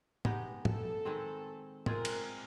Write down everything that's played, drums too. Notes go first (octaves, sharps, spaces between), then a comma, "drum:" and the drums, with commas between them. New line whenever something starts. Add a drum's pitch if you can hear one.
G#3 B3 D#4 G4, drum: tom
A4, drum: tom
D#3 G#3 C4
G#3 C4 F4 G#4 A#4, drum: tom
drum: cymbal